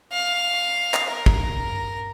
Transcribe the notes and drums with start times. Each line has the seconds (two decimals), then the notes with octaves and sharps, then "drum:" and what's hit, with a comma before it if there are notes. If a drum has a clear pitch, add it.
0.13 F5
0.94 drum: clap
1.10 A#4
1.26 drum: kick